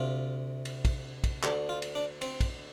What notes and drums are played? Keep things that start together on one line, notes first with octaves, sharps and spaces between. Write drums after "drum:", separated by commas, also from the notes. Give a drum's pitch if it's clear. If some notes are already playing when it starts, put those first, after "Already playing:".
Already playing: D2 C3 F4
drum: cymbal
drum: kick, cymbal
drum: kick, cymbal
D2 D3 G4, drum: clap
F4
drum: cymbal
D4
C4, drum: cymbal
drum: kick, cymbal